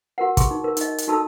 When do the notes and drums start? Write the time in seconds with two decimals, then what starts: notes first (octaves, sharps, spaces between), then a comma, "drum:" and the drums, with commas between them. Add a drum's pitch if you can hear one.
0.18 F#4 A#4 F#5
0.37 G#4 C6 C#6, drum: kick, hi-hat
0.51 D#4
0.64 A#4
0.77 D#4 D#5, drum: hi-hat
0.98 drum: hi-hat
1.08 D#4 F#4 A4 A5 E6